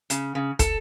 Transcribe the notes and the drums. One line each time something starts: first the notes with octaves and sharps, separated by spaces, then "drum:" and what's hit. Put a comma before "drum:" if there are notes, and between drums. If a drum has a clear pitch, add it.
C#3, drum: hi-hat
C#3
A4, drum: kick, hi-hat